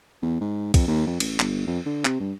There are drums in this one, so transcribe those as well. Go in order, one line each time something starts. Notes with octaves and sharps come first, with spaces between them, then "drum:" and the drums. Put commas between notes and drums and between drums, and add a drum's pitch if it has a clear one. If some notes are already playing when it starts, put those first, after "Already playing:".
E2
G#2
F2, drum: kick, cymbal
D#2
F2
A1, drum: cymbal
G1, drum: clap
F2
D3
C3, drum: clap
G2